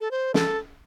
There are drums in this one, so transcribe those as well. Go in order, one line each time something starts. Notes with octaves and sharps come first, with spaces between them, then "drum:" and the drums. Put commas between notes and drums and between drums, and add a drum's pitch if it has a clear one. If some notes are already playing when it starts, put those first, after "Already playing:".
A4
C5
A4, drum: snare